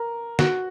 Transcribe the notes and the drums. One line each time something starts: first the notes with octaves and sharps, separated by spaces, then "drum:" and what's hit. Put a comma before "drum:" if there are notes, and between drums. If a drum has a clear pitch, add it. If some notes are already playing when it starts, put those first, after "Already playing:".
Already playing: A#4
F#4, drum: snare